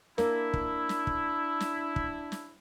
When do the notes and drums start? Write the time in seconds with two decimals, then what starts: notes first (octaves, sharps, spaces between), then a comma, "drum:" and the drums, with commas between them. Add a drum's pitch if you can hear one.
0.18 A#3 D4 E4, drum: snare
0.54 drum: kick
0.89 drum: snare
1.07 drum: kick
1.60 drum: snare
1.96 drum: kick
2.32 drum: snare